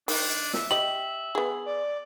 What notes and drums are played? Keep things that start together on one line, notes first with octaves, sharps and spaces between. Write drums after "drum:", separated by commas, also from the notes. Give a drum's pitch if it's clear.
D#3 D4, drum: open hi-hat
E5, drum: snare
G4 D#5 F#7
B3 G#4
D5